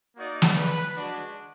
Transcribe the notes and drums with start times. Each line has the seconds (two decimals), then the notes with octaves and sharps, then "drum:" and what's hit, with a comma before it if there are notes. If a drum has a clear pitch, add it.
0.16 A#3 D#4 F#4 D5
0.42 drum: snare
0.55 B4
0.95 G#3 D4 F#4